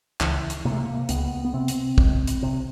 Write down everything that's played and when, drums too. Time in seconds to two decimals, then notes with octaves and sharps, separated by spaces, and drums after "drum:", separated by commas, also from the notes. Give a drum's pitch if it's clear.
0.20 C#2 E3, drum: clap
0.50 drum: hi-hat
0.65 C3 A#3
0.72 A3
0.79 A#3
1.09 C#2 B3, drum: hi-hat
1.45 B3
1.54 C3 C4
1.68 drum: hi-hat
1.98 C#2, drum: kick
2.27 drum: hi-hat
2.43 C3